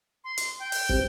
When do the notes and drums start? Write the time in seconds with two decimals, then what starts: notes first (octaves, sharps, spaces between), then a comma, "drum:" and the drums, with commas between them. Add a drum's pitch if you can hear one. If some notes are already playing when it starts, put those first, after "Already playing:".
0.24 C6
0.37 drum: hi-hat
0.59 G5
0.72 drum: open hi-hat
0.89 G3 C4, drum: kick